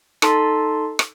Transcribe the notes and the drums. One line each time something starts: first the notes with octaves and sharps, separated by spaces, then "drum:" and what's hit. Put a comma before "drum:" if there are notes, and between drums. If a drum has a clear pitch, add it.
D#4 A4 A5 C6, drum: rim click
drum: rim click